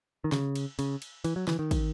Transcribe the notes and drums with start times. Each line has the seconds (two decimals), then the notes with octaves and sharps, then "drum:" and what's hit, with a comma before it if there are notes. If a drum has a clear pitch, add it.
0.24 D#3
0.32 C#3, drum: snare
0.55 drum: cymbal
0.79 C#3, drum: cymbal
1.02 drum: cymbal
1.24 E3, drum: cymbal
1.36 F#3
1.48 E3, drum: snare
1.59 D#3
1.71 drum: kick, cymbal